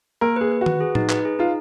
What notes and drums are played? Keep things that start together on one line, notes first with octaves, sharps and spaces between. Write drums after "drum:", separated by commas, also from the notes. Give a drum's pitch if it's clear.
A#3 A#4
G#4 B4
B4
F#4
B4, drum: tom D#3
G#4
D#4, drum: tom A2
B4, drum: clap
G#4
D#4 F4